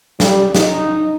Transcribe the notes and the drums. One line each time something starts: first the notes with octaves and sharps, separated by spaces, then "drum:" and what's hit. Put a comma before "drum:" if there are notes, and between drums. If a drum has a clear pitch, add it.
G3, drum: snare
D#4, drum: snare